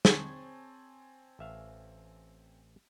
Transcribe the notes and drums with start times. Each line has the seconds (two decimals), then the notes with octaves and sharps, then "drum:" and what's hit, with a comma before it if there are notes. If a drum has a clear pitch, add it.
0.05 C4 G#4 C5 C#5 G#5 A5, drum: snare
1.39 A1 E5 F5